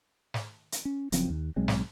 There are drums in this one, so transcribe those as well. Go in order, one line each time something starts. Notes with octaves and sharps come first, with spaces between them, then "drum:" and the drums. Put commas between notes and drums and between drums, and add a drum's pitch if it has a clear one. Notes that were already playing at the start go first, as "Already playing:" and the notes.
drum: snare
drum: hi-hat
C#4
F#1 F#2 F3 C4, drum: hi-hat
D#2
B1 F#3 G#3 C4
drum: snare